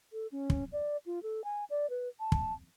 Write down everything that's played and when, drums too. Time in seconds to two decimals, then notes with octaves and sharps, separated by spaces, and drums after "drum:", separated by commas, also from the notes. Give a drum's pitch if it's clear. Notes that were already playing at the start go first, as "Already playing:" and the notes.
0.13 A4
0.32 C#4
0.50 drum: kick
0.72 D5
1.06 F4
1.23 A4
1.44 G#5
1.70 D5
1.90 B4
2.20 A5
2.32 drum: kick